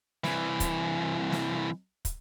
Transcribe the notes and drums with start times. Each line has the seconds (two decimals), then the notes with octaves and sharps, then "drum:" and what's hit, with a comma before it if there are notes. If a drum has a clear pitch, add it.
0.24 C2 E3, drum: snare
0.60 drum: kick, hi-hat
1.32 drum: snare
2.05 drum: kick, hi-hat